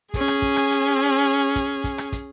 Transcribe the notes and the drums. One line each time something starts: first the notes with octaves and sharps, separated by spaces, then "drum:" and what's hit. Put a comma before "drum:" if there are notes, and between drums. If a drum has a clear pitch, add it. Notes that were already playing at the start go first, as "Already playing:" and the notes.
C#4 G#4, drum: kick, hi-hat
drum: rim click
drum: kick
drum: rim click
drum: hi-hat
drum: hi-hat
drum: kick, hi-hat
drum: kick, hi-hat
drum: rim click
drum: kick, hi-hat